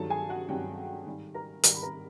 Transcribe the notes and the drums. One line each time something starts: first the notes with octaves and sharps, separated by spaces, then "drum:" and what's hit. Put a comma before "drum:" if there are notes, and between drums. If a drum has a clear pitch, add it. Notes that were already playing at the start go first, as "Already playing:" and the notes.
Already playing: G2 D#3 F#3 A4 A5
G#4 G#5
F#4 F#5
G2 D#3 F#3 G4 G5
G#2 D#3 G3
A#4 A#5
G#2 D#3 G3 A#4 A#5, drum: hi-hat
B5
A#4 A#5